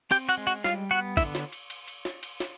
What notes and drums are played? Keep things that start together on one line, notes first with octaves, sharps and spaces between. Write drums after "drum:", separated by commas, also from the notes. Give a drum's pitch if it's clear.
C4 G4 G5, drum: cymbal
F#4 F#5, drum: cymbal
G#3
F#4 F#5
G3 F4 F5, drum: snare
B3 F#4 F#5
D3 E4 E5, drum: kick, cymbal
drum: snare
drum: cymbal
drum: cymbal
drum: cymbal
drum: snare
drum: cymbal
drum: snare